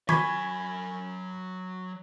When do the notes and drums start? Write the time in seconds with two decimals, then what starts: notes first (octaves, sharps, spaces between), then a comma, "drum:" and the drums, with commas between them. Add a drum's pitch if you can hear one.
0.09 F#3 G#5 B5 C#6 G#6 B6, drum: tom D#3